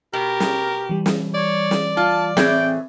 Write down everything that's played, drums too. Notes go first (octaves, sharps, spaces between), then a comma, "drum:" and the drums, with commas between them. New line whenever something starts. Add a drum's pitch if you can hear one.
B2 G4 A#4
drum: snare
E3 G3
drum: snare
C#5 D5
drum: snare
F4 A5
A2 E3 C4 G#4 G5, drum: snare